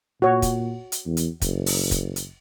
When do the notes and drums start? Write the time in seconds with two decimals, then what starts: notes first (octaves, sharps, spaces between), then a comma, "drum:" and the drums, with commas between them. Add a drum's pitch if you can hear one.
0.22 A#2 F#4 C#5
0.42 drum: kick, hi-hat
0.92 drum: hi-hat
1.06 E2
1.17 drum: hi-hat
1.42 F#1, drum: kick, hi-hat
1.66 drum: open hi-hat
1.91 drum: kick, hi-hat
2.16 drum: hi-hat